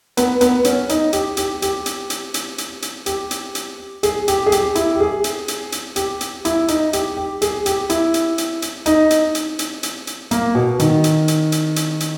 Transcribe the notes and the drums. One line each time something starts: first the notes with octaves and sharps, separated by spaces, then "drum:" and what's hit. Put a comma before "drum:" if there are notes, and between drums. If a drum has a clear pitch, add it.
B3, drum: hi-hat
B3, drum: hi-hat
C#4, drum: hi-hat
D#4, drum: hi-hat
G4, drum: hi-hat
G4, drum: hi-hat
G4, drum: hi-hat
drum: hi-hat
drum: hi-hat
drum: hi-hat
drum: hi-hat
drum: hi-hat
G4, drum: hi-hat
drum: hi-hat
drum: hi-hat
G#4, drum: hi-hat
G4, drum: hi-hat
G#4
G4, drum: hi-hat
E4, drum: hi-hat
G4
G#4
drum: hi-hat
drum: hi-hat
drum: hi-hat
G4, drum: hi-hat
drum: hi-hat
E4, drum: hi-hat
D#4, drum: hi-hat
G4, drum: hi-hat
G4
G#4, drum: hi-hat
G4, drum: hi-hat
E4, drum: hi-hat
drum: hi-hat
drum: hi-hat
drum: hi-hat
D#4, drum: hi-hat
drum: hi-hat
drum: hi-hat
drum: hi-hat
drum: hi-hat
drum: hi-hat
A#3, drum: hi-hat
B2
D#3, drum: hi-hat
drum: hi-hat
drum: hi-hat
drum: hi-hat
drum: hi-hat
drum: hi-hat